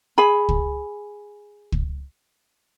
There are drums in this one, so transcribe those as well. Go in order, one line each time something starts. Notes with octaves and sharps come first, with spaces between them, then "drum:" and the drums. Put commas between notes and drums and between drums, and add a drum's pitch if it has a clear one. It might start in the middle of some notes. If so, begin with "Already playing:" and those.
G#4 G#5 B5
drum: kick
drum: kick